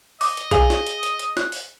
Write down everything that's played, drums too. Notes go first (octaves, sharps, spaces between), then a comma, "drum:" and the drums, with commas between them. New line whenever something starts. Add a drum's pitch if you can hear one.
D#5 D6, drum: open hi-hat
drum: hi-hat
G#4 F5 G#5, drum: kick B1, hi-hat
drum: snare
drum: hi-hat
drum: hi-hat
drum: hi-hat
F#6, drum: snare
drum: open hi-hat